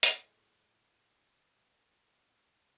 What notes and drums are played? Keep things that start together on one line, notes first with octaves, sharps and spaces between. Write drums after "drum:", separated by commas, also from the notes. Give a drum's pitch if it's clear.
A2 G#3 F#4, drum: hi-hat